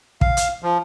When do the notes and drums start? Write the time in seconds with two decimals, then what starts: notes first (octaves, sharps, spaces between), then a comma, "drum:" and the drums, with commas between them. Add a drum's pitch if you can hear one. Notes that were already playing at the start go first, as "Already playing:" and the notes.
0.21 F5, drum: kick
0.37 drum: hi-hat
0.63 F3